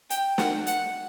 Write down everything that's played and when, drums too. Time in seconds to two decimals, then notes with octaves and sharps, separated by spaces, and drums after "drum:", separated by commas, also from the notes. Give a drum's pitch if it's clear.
0.10 G5, drum: hi-hat
0.38 F#5, drum: snare
0.67 F#5, drum: hi-hat